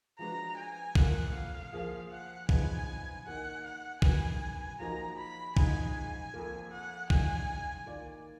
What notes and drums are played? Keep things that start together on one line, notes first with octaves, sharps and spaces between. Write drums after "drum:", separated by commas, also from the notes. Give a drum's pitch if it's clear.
F3 G#3 D4 F#4 B4 A#5
G#5
F2 F3 A#3 F#5, drum: kick
F5
F3 A#3 F4 G#4
F#5
F3 B3 D#4 G#4 G#5, drum: kick
D#3 A#3 D#4 F#5
F#5
D#3 F#3 B3 G#5, drum: kick
F3 A#3 D#4 F#4 A#5
B5
G#2 F3 G#3 D#4 G#5, drum: kick
F2 F3 A#3
F#5
A#2 F3 G#3 D#4 G#5, drum: kick
D#3 A#3 F4 A#4 D5